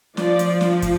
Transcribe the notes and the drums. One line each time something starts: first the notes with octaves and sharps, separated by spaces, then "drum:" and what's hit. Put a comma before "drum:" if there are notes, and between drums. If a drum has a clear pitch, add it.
F3 D5, drum: snare
drum: hi-hat
drum: snare
drum: kick, hi-hat